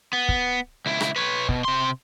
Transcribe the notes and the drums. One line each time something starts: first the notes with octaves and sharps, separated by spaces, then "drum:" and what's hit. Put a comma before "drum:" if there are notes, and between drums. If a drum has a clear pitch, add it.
B3
drum: kick
C#2 E4
drum: rim click
B4 C#5
B2, drum: kick
C3 C6